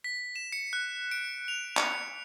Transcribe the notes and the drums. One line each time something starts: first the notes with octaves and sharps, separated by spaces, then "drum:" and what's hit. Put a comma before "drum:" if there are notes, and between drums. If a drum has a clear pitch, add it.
B6
E7
C#7
F#6
D7
F7
C#7, drum: clap